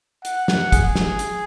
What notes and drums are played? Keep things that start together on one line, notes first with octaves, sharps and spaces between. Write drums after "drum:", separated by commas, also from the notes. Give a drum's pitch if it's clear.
F#5, drum: hi-hat
drum: snare
G#4, drum: kick, hi-hat
drum: snare
drum: hi-hat